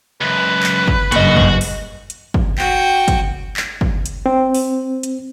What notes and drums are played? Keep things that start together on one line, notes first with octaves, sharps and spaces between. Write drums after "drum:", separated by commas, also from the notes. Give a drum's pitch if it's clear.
C#2 F#2 B4
drum: clap
drum: kick
F#1 G2 A#2 F#4 D#5, drum: hi-hat
drum: kick
drum: open hi-hat
drum: hi-hat
drum: kick
F#4 G5, drum: clap
drum: kick, hi-hat
drum: clap
drum: kick
drum: hi-hat
C4
drum: open hi-hat
drum: hi-hat